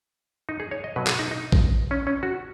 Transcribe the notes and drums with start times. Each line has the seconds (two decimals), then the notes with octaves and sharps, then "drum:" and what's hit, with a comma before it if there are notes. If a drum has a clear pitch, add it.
0.49 D#4
0.60 G#4
0.71 C#5
0.84 D#5
0.96 B2 F#3 B4
1.07 G#4, drum: clap
1.19 D#4
1.31 D#4
1.52 drum: kick A1
1.91 C#4
2.07 C#4
2.23 F#4